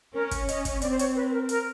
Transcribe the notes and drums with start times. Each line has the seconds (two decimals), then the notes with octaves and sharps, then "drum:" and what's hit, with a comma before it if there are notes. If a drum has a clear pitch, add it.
0.14 C#4 A#4
0.31 drum: kick, hi-hat
0.49 D#5, drum: hi-hat
0.65 drum: kick, hi-hat
0.82 C4 D5, drum: hi-hat
0.91 C5
0.99 C#5, drum: hi-hat
1.15 B4
1.32 A#4
1.49 A#4, drum: hi-hat